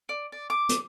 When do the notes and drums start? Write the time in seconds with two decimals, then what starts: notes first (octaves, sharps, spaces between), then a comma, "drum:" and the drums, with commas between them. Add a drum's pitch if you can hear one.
0.09 D5
0.32 D5
0.50 D6
0.69 drum: hi-hat